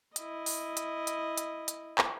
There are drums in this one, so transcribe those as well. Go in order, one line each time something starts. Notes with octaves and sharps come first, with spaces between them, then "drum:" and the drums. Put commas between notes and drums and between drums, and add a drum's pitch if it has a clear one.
E4 D#5, drum: hi-hat
drum: open hi-hat
drum: hi-hat
drum: hi-hat
drum: hi-hat
drum: hi-hat
drum: clap